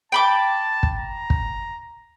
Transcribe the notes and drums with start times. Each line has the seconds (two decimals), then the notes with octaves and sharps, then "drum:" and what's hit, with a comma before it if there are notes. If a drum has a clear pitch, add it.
0.12 G5 A5 B5 D6
0.83 drum: kick
0.99 A#5
1.30 drum: kick